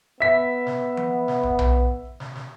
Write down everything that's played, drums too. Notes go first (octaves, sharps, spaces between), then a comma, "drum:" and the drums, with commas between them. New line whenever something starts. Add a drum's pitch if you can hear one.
B3 E5 B6
drum: snare
drum: tom F3
drum: snare
drum: kick D1
drum: tom B1
drum: snare
drum: snare